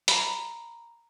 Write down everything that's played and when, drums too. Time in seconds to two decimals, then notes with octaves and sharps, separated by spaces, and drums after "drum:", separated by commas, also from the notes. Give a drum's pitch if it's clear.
0.08 A#5 B5, drum: hi-hat